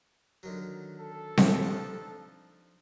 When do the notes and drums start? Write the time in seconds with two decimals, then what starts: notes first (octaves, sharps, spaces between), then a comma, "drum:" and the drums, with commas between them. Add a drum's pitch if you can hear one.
0.43 D3 D#3 F#3
0.99 A4
1.37 drum: snare C4
1.63 F3 D4 D#4